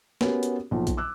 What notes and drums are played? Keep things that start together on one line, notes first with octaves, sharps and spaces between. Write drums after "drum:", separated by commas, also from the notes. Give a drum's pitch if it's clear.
B3 C#4 F#4 G4 A#4, drum: snare A#3
drum: hi-hat
B1 A#2 F3
drum: kick A#1, hi-hat
D6 E6 F#6